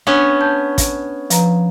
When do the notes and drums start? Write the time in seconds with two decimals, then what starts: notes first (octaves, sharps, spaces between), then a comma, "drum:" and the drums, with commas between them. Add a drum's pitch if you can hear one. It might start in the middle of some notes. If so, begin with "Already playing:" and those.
0.07 B3 C#4 D4
0.40 A5 G6
0.78 drum: kick, hi-hat
1.30 F3 B4 A#5, drum: hi-hat